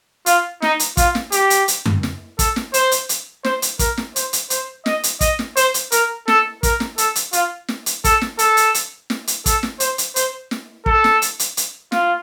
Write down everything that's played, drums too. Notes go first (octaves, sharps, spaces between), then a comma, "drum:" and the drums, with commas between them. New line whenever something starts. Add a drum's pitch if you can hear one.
F4, drum: hi-hat
D#4, drum: snare
drum: hi-hat
F4, drum: kick, hi-hat
drum: snare
G4, drum: hi-hat
drum: hi-hat
drum: hi-hat
drum: tom F#2
drum: snare
A4, drum: kick, hi-hat
drum: snare
C5, drum: hi-hat
drum: hi-hat
drum: hi-hat
C5, drum: snare
drum: hi-hat
A#4, drum: kick, hi-hat
drum: snare
C5, drum: hi-hat
drum: hi-hat
C5, drum: hi-hat
D#5, drum: snare
drum: hi-hat
D#5, drum: kick, hi-hat
drum: snare
C5, drum: hi-hat
drum: hi-hat
A#4, drum: hi-hat
A4, drum: snare
A#4, drum: kick, hi-hat
drum: snare
A4, drum: hi-hat
drum: hi-hat
F4, drum: hi-hat
drum: snare
drum: hi-hat
A4, drum: kick, hi-hat
drum: snare
A4, drum: hi-hat
drum: hi-hat
drum: hi-hat
drum: snare
drum: hi-hat
A4, drum: kick, hi-hat
drum: snare
C5, drum: hi-hat
drum: hi-hat
C5, drum: hi-hat
drum: snare
A4, drum: kick
drum: snare
drum: hi-hat
drum: hi-hat
drum: hi-hat
F4, drum: snare